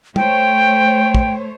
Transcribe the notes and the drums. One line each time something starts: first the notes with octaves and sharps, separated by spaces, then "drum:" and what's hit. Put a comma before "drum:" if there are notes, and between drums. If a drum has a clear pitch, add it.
A3 C5 C#5 G5, drum: tom
drum: kick